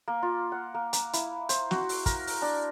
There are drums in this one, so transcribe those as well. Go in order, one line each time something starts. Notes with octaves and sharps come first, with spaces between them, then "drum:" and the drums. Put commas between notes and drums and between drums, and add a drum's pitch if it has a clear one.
A#3
F4
F#5
A#3
A#5, drum: hi-hat
E4, drum: hi-hat
C5, drum: hi-hat
F#4, drum: snare
drum: open hi-hat
A#4, drum: kick, hi-hat
drum: open hi-hat
D4